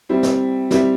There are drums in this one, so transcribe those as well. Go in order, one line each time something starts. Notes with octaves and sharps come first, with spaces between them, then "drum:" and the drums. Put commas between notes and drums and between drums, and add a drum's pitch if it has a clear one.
G3 C4 E4
drum: snare
G3 C4 E4, drum: snare